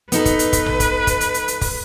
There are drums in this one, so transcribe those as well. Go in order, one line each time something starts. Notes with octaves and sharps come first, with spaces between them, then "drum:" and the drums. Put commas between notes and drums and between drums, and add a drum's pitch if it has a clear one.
B3 D#4 A4 B4, drum: hi-hat
drum: kick, hi-hat
drum: hi-hat
drum: kick, hi-hat
drum: tom A1
drum: kick, hi-hat
drum: kick, hi-hat
drum: hi-hat
drum: hi-hat
drum: hi-hat
drum: kick, open hi-hat